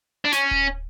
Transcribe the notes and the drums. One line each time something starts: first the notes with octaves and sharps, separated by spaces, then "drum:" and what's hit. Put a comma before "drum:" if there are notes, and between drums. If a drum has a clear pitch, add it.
D4
C#4, drum: snare
drum: kick D1